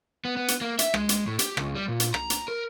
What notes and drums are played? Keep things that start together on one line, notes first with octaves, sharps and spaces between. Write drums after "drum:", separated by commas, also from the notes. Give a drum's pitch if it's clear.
B3
B3
drum: hi-hat
A#3
E5, drum: hi-hat
G#3, drum: rim click
drum: hi-hat
A2
G4, drum: hi-hat
C#2, drum: rim click
G3
A#2
drum: hi-hat
A#5, drum: rim click
drum: hi-hat
A#4